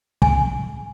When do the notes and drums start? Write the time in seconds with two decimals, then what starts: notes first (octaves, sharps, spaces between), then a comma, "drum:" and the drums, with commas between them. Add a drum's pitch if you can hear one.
0.22 G#5, drum: kick